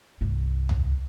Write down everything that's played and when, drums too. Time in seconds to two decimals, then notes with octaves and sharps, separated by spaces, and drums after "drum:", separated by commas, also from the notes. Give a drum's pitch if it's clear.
0.21 C2 G2
0.69 drum: tom